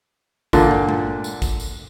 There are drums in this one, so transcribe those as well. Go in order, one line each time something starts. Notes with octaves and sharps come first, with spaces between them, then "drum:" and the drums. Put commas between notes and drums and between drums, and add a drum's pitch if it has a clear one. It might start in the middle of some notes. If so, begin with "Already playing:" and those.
A#2 D3, drum: kick, tambourine
drum: tom
drum: tom G#3
drum: tambourine
drum: kick, tambourine
drum: tambourine